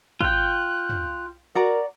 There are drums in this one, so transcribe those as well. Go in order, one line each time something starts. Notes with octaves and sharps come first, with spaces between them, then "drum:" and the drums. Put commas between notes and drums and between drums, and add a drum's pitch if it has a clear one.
F4 G5 F#6, drum: kick
drum: tom
F#4 A#4 D5 A#5